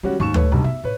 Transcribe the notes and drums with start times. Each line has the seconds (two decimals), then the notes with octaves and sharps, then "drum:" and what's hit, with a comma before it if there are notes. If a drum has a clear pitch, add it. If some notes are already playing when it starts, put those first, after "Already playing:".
0.03 D#3 G3 G#3 C#4 F#4
0.20 D#2 G#2 G#3 C#6 E7
0.34 A3 B4 C#5, drum: tom D2
0.52 B1 G2 C3
0.64 B3 E5
0.84 A2 B4 C#5